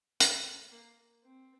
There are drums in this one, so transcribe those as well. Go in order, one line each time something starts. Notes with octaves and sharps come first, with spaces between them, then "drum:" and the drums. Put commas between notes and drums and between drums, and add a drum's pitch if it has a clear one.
A#3, drum: hi-hat
A#3
C4